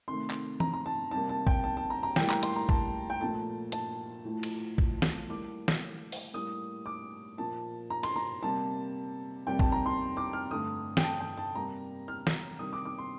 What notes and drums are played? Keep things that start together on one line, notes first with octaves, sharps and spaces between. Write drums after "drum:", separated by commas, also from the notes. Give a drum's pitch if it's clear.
C3 D#3 A3 C6
drum: clap
A#5, drum: tom E3
A#5
A5
C3 G3 A#3 A5
A5
G5, drum: kick
A5
A5
A#5
A#5
A2 G3 A#3 G5, drum: snare
A#5, drum: clap
C6, drum: hi-hat
A#5
A5, drum: kick
G5
A#2 F3 A3 A5
A5, drum: hi-hat
A2 F3 A3
drum: cymbal
drum: kick
drum: snare
A2 G3 A#3 D6
drum: snare
drum: open hi-hat
A2 G3 A#3 D#6
D6
A#2 F3 A#3 A5
A#5
C6, drum: cymbal
A#5
C3 G3 A#3 A5
F2 C3 G3 A#3 G5
A5, drum: kick
A#5
C6
D6
F6
G2 D3 A3 D#6
G5, drum: snare
A5
G5
A5
C3 G3 A#3 A#5
F6
drum: snare
C3 D#3 G3 A#3 D#6
D6
D6
C6